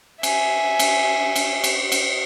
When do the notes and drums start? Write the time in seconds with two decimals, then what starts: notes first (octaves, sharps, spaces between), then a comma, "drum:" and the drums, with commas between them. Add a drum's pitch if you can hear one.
0.23 E5 G#5, drum: cymbal
0.79 drum: cymbal
1.36 drum: cymbal
1.64 drum: cymbal
1.92 drum: cymbal